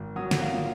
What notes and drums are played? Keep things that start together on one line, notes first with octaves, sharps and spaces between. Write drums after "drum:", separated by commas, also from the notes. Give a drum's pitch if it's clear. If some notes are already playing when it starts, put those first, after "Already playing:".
Already playing: G#1
F#3 D#6
drum: snare
F5
A#2